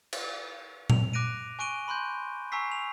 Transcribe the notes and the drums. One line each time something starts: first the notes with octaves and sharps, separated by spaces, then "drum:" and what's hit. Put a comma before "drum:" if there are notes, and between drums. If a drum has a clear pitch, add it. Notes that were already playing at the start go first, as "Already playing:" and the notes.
drum: cymbal
F7, drum: tom A#2
D6 F#6 A#6 D7 D#7
G#5 C#6 F#6 D7 D#7 G7
B5 C6 F#6 G6
G#5 A#5 C#6 E6 B6 C7
F7